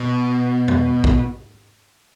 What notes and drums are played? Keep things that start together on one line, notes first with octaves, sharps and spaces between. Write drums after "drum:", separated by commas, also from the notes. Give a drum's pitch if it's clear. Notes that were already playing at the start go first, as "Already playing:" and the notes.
Already playing: B2
drum: tom E2
drum: kick